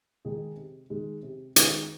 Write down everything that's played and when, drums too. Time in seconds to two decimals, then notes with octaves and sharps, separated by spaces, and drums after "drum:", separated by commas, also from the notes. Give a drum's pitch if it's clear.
0.25 D#3 G#3 D#4 G#4
0.56 C3
0.90 D#3 G#3 D#4
1.23 C3
1.56 D#3 G#3 D#4, drum: hi-hat